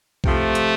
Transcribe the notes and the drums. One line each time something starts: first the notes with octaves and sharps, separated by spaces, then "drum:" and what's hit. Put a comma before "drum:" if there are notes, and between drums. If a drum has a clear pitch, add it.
C3 F3 A3, drum: kick
drum: hi-hat